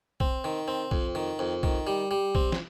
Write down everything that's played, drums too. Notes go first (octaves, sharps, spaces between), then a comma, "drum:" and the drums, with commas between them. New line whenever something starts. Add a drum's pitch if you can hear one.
C4, drum: kick B1
D#3
C4
F2, drum: kick B1
D#3
F2
D#3, drum: kick B1
G3
G3
C4, drum: kick B1
drum: snare